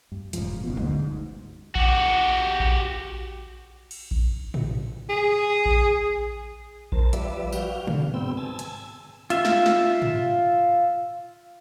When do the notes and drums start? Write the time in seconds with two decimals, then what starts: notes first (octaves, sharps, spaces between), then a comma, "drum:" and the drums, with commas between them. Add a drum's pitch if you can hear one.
0.12 G2
0.33 E1 B1 G#2 F3, drum: hi-hat
0.63 F#1 B2
0.77 G1 D2 G#2, drum: tom F3
1.75 F#4 G4, drum: kick A#1
2.60 drum: kick A#1
3.91 drum: cymbal
4.11 drum: kick A#1
4.54 drum: tom
5.09 G#4
5.66 drum: kick A#1
6.92 A#4 C5 A5, drum: kick A#1
7.13 F3 G3 B4 D5 E5, drum: hi-hat
7.52 F#4 F5 G5, drum: tambourine
7.87 B2 D3, drum: tom C3
8.14 G#2 B3 C4 G5 E6
8.37 G#5 A5 E6
8.59 drum: hi-hat
9.30 F4 E5, drum: hi-hat
9.45 drum: snare
9.66 drum: snare
10.02 drum: tom